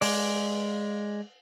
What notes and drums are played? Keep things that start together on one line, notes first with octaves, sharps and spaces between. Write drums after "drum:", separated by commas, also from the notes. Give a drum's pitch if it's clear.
G#3 D5, drum: open hi-hat